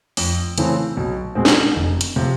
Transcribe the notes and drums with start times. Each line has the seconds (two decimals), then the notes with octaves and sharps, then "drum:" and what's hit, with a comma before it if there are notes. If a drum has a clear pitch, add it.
0.17 F2, drum: open hi-hat
0.58 C#3 E3 A3 C4, drum: hi-hat
0.97 B1
1.35 B2 G#3 C4
1.45 drum: snare
1.76 F1
2.01 drum: hi-hat
2.16 C3 F3